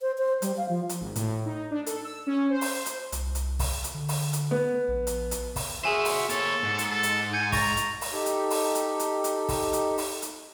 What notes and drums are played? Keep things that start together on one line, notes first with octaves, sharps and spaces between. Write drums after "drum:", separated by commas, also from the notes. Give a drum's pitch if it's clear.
C5
C5
G3, drum: hi-hat
F5
F3
drum: hi-hat
G#1
A2, drum: hi-hat
D#4
D4
A4, drum: hi-hat
E6
C#4
C5
drum: open hi-hat
drum: hi-hat
C2, drum: hi-hat
drum: hi-hat
drum: kick, open hi-hat
drum: hi-hat
D3
drum: open hi-hat
drum: hi-hat
B3
A#1
drum: hi-hat
drum: hi-hat
drum: kick, open hi-hat
F#4 G#4 C5 E5 G#5 E7
drum: open hi-hat
A#3 A4 C#5, drum: hi-hat
G#2
drum: hi-hat
A4
drum: hi-hat
G#5 G6 C#7
A#5 C#6 A6, drum: kick, open hi-hat
drum: hi-hat
drum: open hi-hat
D#4 G4 A4
drum: hi-hat
drum: open hi-hat
drum: hi-hat
drum: hi-hat
drum: hi-hat
drum: kick, open hi-hat
drum: hi-hat
drum: open hi-hat
drum: hi-hat